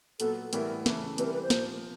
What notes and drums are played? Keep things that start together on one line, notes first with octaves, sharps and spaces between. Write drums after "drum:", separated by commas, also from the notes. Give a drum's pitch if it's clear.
A#2 F#3 B3 A4, drum: hi-hat
A2 E3 G3 B3 E4 A#4, drum: hi-hat
C#3 E3 A3, drum: snare
C3 E3 G3 B4, drum: hi-hat
A#4
B4
C5
A#2 F3 A#3, drum: snare